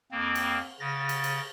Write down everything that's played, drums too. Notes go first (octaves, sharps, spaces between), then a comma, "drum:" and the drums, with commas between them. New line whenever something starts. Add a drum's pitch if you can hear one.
F2 A#3 C4
drum: cymbal
C#3 A6 A#6
drum: cymbal
drum: cymbal